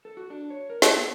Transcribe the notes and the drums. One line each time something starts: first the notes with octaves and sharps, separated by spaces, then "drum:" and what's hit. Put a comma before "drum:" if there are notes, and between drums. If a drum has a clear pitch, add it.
A4
F#4
D4
C#5
A#4
A4, drum: snare
B3